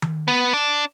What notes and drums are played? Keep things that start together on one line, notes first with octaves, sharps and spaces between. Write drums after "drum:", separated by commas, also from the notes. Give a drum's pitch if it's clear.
drum: tom D#3
B3
D4